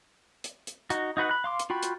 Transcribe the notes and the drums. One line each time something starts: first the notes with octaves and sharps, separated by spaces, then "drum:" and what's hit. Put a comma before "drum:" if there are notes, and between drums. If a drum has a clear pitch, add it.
drum: hi-hat
drum: hi-hat
D#4 F#4, drum: hi-hat
D#4 F#4 B4 F#5
B5 F#6
F5 C6 D6
drum: hi-hat
F4 F#4 G5 B5
drum: hi-hat